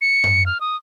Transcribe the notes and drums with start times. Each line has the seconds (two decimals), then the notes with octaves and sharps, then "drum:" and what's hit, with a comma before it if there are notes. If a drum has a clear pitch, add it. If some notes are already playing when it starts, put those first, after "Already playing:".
0.01 C#7
0.24 drum: tom F#2
0.46 F6
0.61 D#6